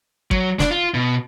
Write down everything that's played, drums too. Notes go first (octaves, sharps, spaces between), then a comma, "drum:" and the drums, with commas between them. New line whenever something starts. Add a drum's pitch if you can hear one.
F#3, drum: kick
D4, drum: snare
F4
B2